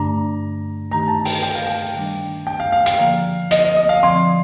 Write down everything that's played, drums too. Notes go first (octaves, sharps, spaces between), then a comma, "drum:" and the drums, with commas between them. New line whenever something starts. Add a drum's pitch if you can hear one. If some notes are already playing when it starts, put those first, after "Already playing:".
Already playing: G2 D3 A3 D4 A#5
D#3 A3 D#4 G4 A#5
A5
G5, drum: open hi-hat
G5
F5
G5
D#3 G3 D4
G5
F5
F5
F5, drum: hi-hat
D3 F3 A#3
D#5, drum: hi-hat
D#5
D#5
F5
D3 F3 C4 C6